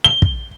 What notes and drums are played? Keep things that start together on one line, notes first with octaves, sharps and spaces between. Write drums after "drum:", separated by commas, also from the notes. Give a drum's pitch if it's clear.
G7
drum: kick